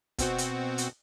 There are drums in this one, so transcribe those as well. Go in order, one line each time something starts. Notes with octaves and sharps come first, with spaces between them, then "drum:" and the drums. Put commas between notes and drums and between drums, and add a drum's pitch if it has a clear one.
B2 C4 F#4, drum: kick, hi-hat
drum: hi-hat
drum: hi-hat